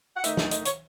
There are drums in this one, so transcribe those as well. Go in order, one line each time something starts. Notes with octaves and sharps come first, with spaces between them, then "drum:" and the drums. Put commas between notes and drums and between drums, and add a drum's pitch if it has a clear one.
F#5
D#3 A3 D#4 E5, drum: hi-hat
E5, drum: snare
D#5, drum: hi-hat
C#5, drum: hi-hat